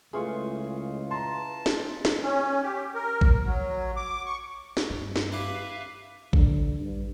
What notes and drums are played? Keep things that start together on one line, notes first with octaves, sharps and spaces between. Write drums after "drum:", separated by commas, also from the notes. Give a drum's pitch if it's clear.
C#2 E3 A3 F4 G#4 C#6
A5 A#5 C6
drum: snare
drum: snare
C#4
G4
A#4
drum: kick A1
F#3
D6
C#6
drum: snare
G2
drum: snare
E4 G4 B4 E5 F5
D3, drum: kick A1
G2